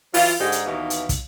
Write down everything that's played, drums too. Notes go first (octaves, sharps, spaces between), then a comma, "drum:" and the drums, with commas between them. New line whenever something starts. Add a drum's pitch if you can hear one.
E3 F#3 F4, drum: open hi-hat
G#2 D3 D#4 G4
drum: hi-hat
D#2 B2 E3 D#4 F5
drum: hi-hat
drum: kick, hi-hat